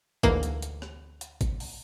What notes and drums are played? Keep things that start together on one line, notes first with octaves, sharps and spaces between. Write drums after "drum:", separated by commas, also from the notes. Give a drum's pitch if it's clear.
D2 G#2 E3 A#3, drum: kick G#1, hi-hat
drum: hi-hat
drum: hi-hat
drum: rim click
drum: hi-hat
drum: kick G#1, hi-hat
drum: open hi-hat